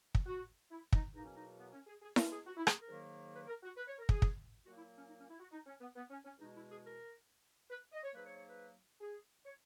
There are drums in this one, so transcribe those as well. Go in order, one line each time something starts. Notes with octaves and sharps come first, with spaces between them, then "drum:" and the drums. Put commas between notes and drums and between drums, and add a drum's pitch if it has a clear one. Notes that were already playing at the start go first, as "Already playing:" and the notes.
drum: kick
F#4
E4
D#4, drum: kick
E2 B2 F#3 A#3 D#4
C#4
D#4
B3
C#4
G#4
G#4
A#4, drum: snare E4
G#4
F#4
E4
G#4, drum: rim click
A#4
G#2 D#3 F#3 A#3
B4
A#4
F#4
B4
C#5
A#4
G#4, drum: kick
drum: kick
A#2 F#3 A#3 F#4
E4
C#4
D#4
C#4
E4
F#4
D#4
C#4
B3
B3
C#4
C#4
E2 B2 G#3 D#4
E4
G#4
A#4
B4
D#5
C#5
G#2 F#3 A#3 B4
C#5
C#5
B4
G#4
C#5